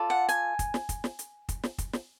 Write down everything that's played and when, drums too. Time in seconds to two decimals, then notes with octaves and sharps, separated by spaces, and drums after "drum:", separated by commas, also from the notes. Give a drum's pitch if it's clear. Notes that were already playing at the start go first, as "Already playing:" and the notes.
Already playing: F4 A4 D5
0.10 F#5
0.29 G#5, drum: hi-hat
0.59 drum: kick, hi-hat
0.74 drum: snare
0.89 drum: kick, hi-hat
1.04 drum: snare
1.19 drum: hi-hat
1.49 drum: kick, hi-hat
1.64 drum: snare
1.78 drum: kick, hi-hat
1.93 drum: snare